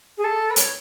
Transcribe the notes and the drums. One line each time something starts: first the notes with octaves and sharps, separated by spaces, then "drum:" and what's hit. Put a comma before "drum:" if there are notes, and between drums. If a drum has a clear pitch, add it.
G#4
A4
B4
C#5, drum: hi-hat